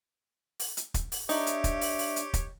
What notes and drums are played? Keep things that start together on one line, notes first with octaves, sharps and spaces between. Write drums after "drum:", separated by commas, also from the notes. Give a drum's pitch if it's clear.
drum: open hi-hat
drum: hi-hat
drum: kick, hi-hat
drum: open hi-hat
D4 D#4 G4 C#5 E5, drum: open hi-hat
drum: hi-hat
drum: kick, hi-hat
drum: open hi-hat
drum: open hi-hat
drum: hi-hat
drum: kick, hi-hat